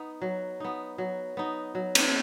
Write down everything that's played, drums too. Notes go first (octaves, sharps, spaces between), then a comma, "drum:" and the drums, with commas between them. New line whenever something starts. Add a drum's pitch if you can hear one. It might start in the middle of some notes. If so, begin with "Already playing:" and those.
Already playing: B3 D#4
F#3
B3 D#4
F#3
B3 D#4
F#3
drum: cymbal